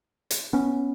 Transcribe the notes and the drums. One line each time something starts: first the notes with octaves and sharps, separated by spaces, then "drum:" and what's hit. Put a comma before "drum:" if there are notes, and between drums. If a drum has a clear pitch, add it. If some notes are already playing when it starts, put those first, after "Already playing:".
drum: hi-hat
B3 C#4